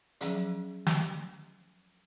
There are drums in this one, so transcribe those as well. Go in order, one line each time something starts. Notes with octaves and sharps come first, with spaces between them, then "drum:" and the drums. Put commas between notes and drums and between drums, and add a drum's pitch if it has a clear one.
F3 F#3 C#4 G#4 D5, drum: hi-hat
drum: snare